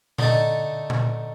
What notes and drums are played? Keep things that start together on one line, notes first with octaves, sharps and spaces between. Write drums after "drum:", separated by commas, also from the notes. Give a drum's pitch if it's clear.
D3 A3 D#4 A4, drum: tom A#2
drum: tom A#2